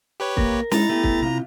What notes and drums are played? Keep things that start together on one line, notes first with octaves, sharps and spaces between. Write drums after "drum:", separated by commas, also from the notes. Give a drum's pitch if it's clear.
G4 B4 C#5
A#3 A#4, drum: kick
G#3 D#4 E4 A#5 A6, drum: snare
A3 B3 G4
drum: kick
C3 F4 A#5